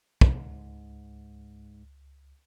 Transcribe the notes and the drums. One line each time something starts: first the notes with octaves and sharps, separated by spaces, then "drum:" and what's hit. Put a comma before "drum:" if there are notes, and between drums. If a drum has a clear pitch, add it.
C#2 G#2, drum: kick